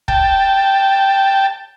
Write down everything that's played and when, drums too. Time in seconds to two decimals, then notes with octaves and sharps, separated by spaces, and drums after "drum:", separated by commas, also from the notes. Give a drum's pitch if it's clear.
0.08 G5 A5, drum: kick